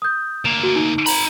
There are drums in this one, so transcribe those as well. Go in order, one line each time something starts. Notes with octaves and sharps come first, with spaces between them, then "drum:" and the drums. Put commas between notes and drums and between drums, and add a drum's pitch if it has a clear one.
D#6 G6
D2 A#3 E7 F7
F#4
D#4
D#4 A#5 B5, drum: open hi-hat